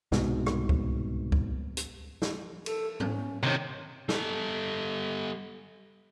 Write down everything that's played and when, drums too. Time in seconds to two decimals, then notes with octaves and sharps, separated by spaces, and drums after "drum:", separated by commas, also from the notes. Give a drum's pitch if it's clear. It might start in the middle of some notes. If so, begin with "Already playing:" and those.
0.12 C2 G#2 B2, drum: snare
0.46 drum: rim click
0.69 drum: kick C#2
1.32 drum: kick C#2
1.77 drum: hi-hat
2.22 drum: snare
2.66 A4, drum: cymbal
3.00 C#4, drum: tom
3.43 C3 D#3 C#5
4.09 G3 A4, drum: snare